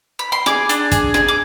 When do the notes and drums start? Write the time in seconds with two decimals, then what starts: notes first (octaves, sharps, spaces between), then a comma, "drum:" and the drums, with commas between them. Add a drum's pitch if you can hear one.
0.19 B5
0.32 C6
0.46 G#4 D6, drum: rim click
0.69 D4, drum: hi-hat
0.92 G#4, drum: kick, hi-hat
1.14 G#4, drum: rim click
1.28 D6